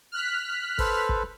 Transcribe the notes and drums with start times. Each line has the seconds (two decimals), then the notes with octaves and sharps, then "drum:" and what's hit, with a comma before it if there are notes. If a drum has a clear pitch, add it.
0.12 F6 F#6 B6
0.79 A4 B4 C5, drum: kick, open hi-hat
1.09 drum: kick